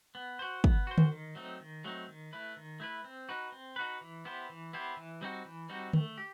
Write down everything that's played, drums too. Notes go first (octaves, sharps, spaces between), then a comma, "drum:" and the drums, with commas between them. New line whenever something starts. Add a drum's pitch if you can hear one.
B3
F#4 C5
B3, drum: kick
F#4 C5
drum: tom D3
D#3
F#3 A3 C4 D#4
D#3
F#3 A3 C4 D#4
D#3
A3 E4 B4
D#3
A3 E4 B4
C4
D#4 F#4 B4
C4
D#4 F#4 B4
E3
B3 E4 G4 C5
E3
B3 E4 G4 C5
E3
G3 C4 D#4 F#4
E3
G3 C4 D#4 F#4
A3, drum: tom D3
G4